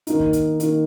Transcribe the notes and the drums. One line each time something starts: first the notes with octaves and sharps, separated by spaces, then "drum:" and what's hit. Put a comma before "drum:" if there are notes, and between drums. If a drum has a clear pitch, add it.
D#3 A#3 D#4, drum: hi-hat
drum: kick
drum: kick, hi-hat
D#3 A#3 D#4, drum: hi-hat